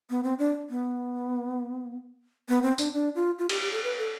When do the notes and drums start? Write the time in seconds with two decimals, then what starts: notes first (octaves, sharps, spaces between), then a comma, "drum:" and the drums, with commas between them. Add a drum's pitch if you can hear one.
0.10 B3
0.24 C4
0.39 D4
0.70 B3
2.49 B3
2.63 C4
2.78 D4, drum: tambourine
2.94 D4
3.15 F4
3.39 F4
3.49 G4, drum: cymbal
3.61 G4
3.72 A4
3.84 B4
3.98 A4